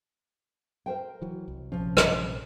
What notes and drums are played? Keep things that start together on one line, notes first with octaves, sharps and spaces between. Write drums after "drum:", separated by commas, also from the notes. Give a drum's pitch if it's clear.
A#4 C5 G5
E3 F#3
C2
A#1 C3 F3 C#4
drum: rim click